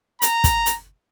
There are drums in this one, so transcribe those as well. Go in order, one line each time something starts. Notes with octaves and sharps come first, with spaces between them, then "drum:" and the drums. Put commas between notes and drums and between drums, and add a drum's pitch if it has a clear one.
A#5, drum: hi-hat
drum: kick, hi-hat
drum: hi-hat